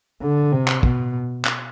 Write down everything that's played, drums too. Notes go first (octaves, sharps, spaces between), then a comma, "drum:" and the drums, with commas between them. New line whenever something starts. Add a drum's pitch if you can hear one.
D3
C3
drum: clap
B2, drum: kick
drum: clap